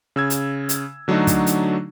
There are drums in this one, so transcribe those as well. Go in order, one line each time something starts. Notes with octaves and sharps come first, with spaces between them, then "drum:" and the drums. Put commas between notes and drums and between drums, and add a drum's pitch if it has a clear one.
C#3 E6 G#6
drum: hi-hat
drum: hi-hat
D3 F#3 A3 D4 D#4 F#4
drum: kick, hi-hat
drum: hi-hat